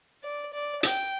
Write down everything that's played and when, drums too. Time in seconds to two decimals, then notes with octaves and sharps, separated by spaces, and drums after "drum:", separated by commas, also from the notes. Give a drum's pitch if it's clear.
0.23 D5
0.53 D5
0.83 G5, drum: hi-hat